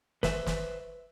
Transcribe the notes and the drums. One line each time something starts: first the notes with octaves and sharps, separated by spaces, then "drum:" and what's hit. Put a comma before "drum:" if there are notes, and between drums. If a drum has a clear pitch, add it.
B4 C5 E5, drum: snare
drum: snare